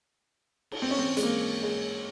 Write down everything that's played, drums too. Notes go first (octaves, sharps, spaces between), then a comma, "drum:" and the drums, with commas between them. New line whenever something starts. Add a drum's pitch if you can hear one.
drum: cymbal
C4
C#4
C4
G#3, drum: hi-hat
A#3
G#3